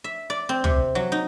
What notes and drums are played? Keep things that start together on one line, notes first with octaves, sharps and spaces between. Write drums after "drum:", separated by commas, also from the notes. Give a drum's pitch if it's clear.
E5
D5
C4
C3, drum: tom
F#3
D#4